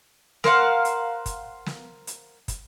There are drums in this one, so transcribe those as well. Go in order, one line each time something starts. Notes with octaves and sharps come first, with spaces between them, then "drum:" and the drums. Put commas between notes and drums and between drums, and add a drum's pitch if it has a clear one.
A#4 C5 F5 F#5, drum: snare
drum: hi-hat
drum: kick, hi-hat
drum: snare
drum: hi-hat
drum: kick, hi-hat